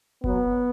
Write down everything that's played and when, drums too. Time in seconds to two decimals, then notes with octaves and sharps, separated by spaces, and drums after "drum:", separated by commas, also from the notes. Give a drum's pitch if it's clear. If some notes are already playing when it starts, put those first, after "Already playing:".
0.24 B2 F#3 B3, drum: kick F#1